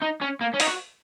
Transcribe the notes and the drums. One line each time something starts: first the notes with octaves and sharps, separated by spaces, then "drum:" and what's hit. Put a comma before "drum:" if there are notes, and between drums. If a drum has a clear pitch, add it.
D#4
C#4
A#3
C#4
D#4, drum: open hi-hat
F#4